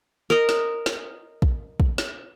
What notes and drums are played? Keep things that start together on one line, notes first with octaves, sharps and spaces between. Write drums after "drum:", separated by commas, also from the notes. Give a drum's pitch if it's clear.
A#4 D#5
drum: snare
drum: snare
drum: kick
drum: kick
drum: snare